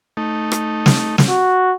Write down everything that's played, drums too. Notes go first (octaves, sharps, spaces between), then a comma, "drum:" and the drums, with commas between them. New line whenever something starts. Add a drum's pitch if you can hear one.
A3 D#4
drum: rim click
drum: snare
drum: snare
F#4